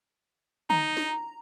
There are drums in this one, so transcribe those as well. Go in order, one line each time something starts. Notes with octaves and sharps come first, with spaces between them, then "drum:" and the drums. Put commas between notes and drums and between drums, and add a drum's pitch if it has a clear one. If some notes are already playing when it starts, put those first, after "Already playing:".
D#4 A#5, drum: tom D3
drum: snare